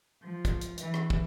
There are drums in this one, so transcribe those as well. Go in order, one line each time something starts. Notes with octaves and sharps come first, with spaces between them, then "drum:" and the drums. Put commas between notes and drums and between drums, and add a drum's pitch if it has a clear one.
F3
drum: kick, hi-hat
drum: hi-hat
E3, drum: hi-hat
drum: rim click
drum: kick